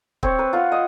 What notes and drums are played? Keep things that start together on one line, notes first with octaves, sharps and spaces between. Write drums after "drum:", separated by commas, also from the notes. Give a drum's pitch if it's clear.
C4 C#5, drum: kick
B4
F4 F#5
D#5